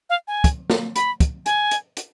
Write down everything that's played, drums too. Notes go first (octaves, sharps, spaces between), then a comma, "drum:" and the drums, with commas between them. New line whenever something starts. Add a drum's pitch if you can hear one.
F5
G#5
drum: kick, hi-hat
drum: snare
B5, drum: hi-hat
drum: kick, hi-hat
G#5, drum: hi-hat
drum: hi-hat
drum: hi-hat